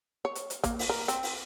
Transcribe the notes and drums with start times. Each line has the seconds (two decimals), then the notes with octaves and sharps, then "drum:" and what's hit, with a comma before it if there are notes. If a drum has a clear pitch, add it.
0.25 C#5
0.35 drum: hi-hat
0.50 drum: hi-hat
0.64 A#3, drum: kick, hi-hat
0.79 drum: open hi-hat
0.89 A#4
1.08 C4, drum: hi-hat
1.23 drum: open hi-hat